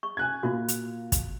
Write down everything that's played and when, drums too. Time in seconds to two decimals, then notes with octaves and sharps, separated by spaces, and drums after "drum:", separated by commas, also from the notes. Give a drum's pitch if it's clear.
0.03 C#6
0.17 G#5 F#6 G#6
0.43 A#2 F4 F#4
0.68 drum: hi-hat
1.12 drum: kick, hi-hat